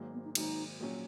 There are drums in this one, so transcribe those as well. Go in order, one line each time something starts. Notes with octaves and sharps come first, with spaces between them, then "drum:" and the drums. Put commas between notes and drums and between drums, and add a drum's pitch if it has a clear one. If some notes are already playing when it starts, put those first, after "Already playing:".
Already playing: G#1 G#2 F#3 A#3
B3
D#4
G#1 G#2 F#3 A#3 D#4, drum: cymbal
A#1 A#2 F#3 C#4